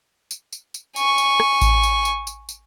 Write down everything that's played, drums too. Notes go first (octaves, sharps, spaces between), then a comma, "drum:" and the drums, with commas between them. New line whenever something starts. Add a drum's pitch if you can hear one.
drum: tambourine
drum: tambourine
drum: tambourine
G#5 C#6, drum: tambourine
drum: tambourine
drum: rim click
drum: kick A1, tambourine
drum: tambourine
drum: tambourine
drum: tambourine
drum: tambourine